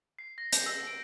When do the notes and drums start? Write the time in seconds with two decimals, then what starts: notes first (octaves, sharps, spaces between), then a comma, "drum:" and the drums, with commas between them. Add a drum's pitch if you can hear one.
0.19 C7
0.38 A#6
0.53 G6, drum: hi-hat
0.66 E6
0.87 D7